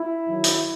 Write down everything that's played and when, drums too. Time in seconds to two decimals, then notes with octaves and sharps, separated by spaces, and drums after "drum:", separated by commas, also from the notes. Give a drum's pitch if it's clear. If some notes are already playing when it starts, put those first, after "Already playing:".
Already playing: E4
0.27 F#2 D#3 F#3
0.44 drum: hi-hat